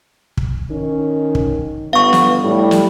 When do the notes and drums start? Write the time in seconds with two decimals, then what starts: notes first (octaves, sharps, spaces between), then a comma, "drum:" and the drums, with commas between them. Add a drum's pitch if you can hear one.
0.37 drum: kick
0.70 D#3 C#4
1.35 drum: kick
1.93 G1 B3 F5 C#6
2.13 drum: snare
2.44 A2 G3
2.71 drum: snare